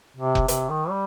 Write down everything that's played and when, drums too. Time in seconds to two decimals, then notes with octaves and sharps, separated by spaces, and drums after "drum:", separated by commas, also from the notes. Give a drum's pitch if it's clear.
0.17 C3
0.35 drum: kick F1
0.48 C3, drum: hi-hat
0.69 D#3
0.90 G3